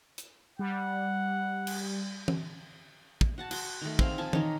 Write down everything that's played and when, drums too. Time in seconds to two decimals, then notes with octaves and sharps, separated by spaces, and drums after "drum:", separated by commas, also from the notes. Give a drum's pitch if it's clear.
0.18 drum: hi-hat
0.59 G3 F#5
1.67 drum: cymbal
2.28 drum: tom E3
3.21 drum: kick
3.38 F#4 F#5 A5
3.51 F#4 C6, drum: cymbal
3.81 D#3 A3
3.99 C4 G#4 F5, drum: kick
4.18 F3 G#5 A5
4.33 D#3 D#4 C#5 D6, drum: tom E3